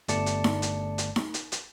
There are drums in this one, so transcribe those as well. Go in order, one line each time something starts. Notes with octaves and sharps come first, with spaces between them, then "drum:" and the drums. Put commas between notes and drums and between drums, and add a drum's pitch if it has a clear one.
G1 A3 D5 A5 C#7, drum: hi-hat
drum: hi-hat
drum: snare D#4
drum: hi-hat
drum: hi-hat
drum: snare D#4
drum: hi-hat
drum: hi-hat